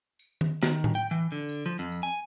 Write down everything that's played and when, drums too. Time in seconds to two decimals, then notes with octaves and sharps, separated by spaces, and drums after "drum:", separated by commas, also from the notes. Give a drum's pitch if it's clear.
0.19 drum: tambourine
0.41 drum: tom D#3
0.63 D#3, drum: snare
0.84 drum: tom A2
0.95 G5
1.11 E3
1.32 D3
1.49 drum: tambourine
1.66 F3
1.79 F2
1.92 drum: tambourine
2.03 G#5